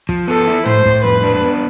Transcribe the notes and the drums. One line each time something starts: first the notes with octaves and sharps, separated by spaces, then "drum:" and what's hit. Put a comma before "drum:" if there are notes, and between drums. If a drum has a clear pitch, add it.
F3, drum: kick
B3 A4
E4
A2 C5, drum: tom
A2, drum: kick
F2 B4
D4
B3